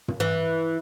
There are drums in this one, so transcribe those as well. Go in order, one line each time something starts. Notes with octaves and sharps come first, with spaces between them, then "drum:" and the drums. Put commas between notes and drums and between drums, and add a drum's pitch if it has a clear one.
drum: tom
E3